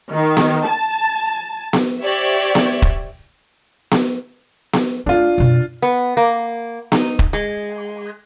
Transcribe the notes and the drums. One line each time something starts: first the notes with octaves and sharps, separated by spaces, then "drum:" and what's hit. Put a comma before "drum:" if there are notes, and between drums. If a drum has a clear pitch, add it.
D#3
drum: snare B3
A5
drum: snare B3
G4 C5 D5 E5 C#6 G#6
drum: snare B3
drum: kick
drum: snare B3
drum: snare B3
A3 D4 F4
F#2 B2
B3
A#3
D#4, drum: snare B3
drum: kick
G#3